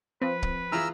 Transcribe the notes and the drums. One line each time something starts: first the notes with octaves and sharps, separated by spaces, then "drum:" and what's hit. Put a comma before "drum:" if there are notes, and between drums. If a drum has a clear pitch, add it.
F3 C4 B4
drum: kick
E3 F4 G#4 A#5 E6 F6